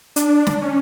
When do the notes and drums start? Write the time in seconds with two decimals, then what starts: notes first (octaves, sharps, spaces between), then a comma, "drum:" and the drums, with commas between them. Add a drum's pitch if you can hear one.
0.16 D4, drum: hi-hat
0.47 drum: snare
0.62 C#4